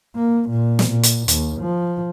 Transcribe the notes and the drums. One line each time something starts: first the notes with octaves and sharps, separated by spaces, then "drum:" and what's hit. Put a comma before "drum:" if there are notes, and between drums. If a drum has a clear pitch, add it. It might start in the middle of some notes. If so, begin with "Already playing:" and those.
A#3
A#2
drum: snare
A#2
drum: hi-hat
D#2, drum: hi-hat
F3